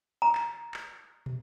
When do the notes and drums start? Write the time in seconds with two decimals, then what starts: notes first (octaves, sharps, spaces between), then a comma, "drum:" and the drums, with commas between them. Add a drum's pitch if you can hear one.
0.22 A#5
0.35 drum: clap
0.74 drum: clap
1.26 drum: tom